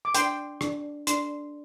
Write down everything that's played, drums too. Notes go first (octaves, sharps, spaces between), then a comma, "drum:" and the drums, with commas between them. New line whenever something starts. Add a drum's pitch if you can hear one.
D6
D4 G5 C6, drum: hi-hat
D4, drum: rim click
D4 C6, drum: hi-hat